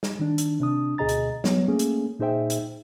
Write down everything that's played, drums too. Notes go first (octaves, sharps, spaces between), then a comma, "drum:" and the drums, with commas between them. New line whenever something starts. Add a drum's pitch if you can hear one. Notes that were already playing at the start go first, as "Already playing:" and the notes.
drum: snare
D#3 D4
drum: hi-hat
C3 D4 D#6
D2 B2 G#4 D#5 A#5 A6
drum: hi-hat
F#3 B3 C#5, drum: snare
A3 A#3 C#4 G#4
drum: hi-hat
A#2 D#4 G#4 C5 E5 G5
drum: hi-hat